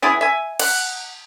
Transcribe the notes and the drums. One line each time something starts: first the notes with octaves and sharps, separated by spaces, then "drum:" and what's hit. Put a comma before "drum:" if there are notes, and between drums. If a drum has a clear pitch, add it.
E3 B3 E4 G#4
E5 G#5
F#5, drum: cymbal